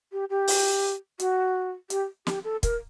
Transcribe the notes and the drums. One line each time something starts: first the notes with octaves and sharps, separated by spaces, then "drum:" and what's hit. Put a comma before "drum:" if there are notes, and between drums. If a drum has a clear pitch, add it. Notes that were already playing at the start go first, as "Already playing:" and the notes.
G4
G4
drum: open hi-hat
F#4, drum: hi-hat
G4, drum: hi-hat
G4, drum: snare
A4
A#4, drum: kick, hi-hat